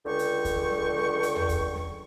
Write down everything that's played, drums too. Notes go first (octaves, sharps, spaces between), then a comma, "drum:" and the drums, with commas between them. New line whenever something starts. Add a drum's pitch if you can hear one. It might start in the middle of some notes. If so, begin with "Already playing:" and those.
C#2 D3 G5 C#6
drum: hi-hat
drum: kick D2, hi-hat
drum: snare
drum: snare
drum: hi-hat
drum: tom E2
drum: kick D2, hi-hat
drum: snare